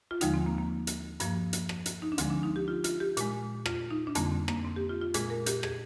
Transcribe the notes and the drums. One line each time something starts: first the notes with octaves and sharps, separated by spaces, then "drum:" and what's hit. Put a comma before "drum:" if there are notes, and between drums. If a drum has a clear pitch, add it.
F4
D#2 D3 F3 G#3 D#4, drum: hi-hat
C4
A#3
A#3
drum: hi-hat
G2 F3 A#3, drum: hi-hat
drum: hi-hat
drum: rim click
drum: hi-hat
D#4
D4
D2 D3 F3 G#3 C4, drum: hi-hat
D4
D#4
G4
F4
F4, drum: hi-hat
G4
A#2 G#3, drum: hi-hat
F4, drum: rim click
D#4
D4
F2 D3 G3 A#3 C4, drum: hi-hat
C4
A#3, drum: rim click
C4
G4
F4
F4
A#2 G#3 G#4, drum: hi-hat
A#4
G4, drum: hi-hat
G#4, drum: rim click